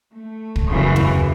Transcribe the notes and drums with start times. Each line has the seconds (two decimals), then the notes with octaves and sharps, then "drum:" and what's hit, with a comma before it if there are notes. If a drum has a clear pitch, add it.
0.15 A3
0.56 drum: kick
0.69 F#2 C#3 E3
0.96 drum: tom D#2